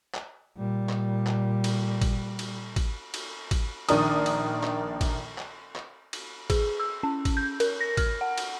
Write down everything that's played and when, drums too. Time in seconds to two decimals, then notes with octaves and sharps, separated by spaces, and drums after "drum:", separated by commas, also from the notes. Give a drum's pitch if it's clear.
0.14 drum: clap
0.57 A#2 G3
0.89 drum: clap
1.27 drum: clap
1.64 drum: cymbal
2.01 drum: kick, cymbal
2.39 drum: cymbal
2.76 drum: kick, cymbal
3.14 drum: cymbal
3.51 drum: kick, cymbal
3.89 A#1 D#3 D4 A#4 D#6, drum: cymbal
4.26 drum: cymbal
4.63 drum: clap
5.01 drum: kick, cymbal
5.38 drum: clap
5.76 drum: clap
6.13 drum: cymbal
6.50 G#4, drum: kick, cymbal
6.80 E6
7.03 C#4
7.25 drum: kick, cymbal
7.37 G6
7.60 A#4, drum: cymbal
7.81 A#6
7.97 F6, drum: kick, cymbal
8.21 F#5
8.38 drum: cymbal